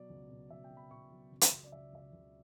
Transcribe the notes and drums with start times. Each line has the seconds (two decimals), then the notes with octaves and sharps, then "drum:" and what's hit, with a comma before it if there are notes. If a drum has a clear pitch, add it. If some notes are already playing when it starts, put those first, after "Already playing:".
Already playing: B2 F#3 D5
0.10 C#2
0.30 B2
0.50 C#2 E5
0.64 G5
0.70 F#3
0.77 B5
0.91 B2 C#6
1.12 F#3
1.32 C#3
1.41 drum: hi-hat
1.52 C#2
1.64 D5
1.72 C#2 E5
1.93 C#2 E5
1.99 D5
2.13 C#2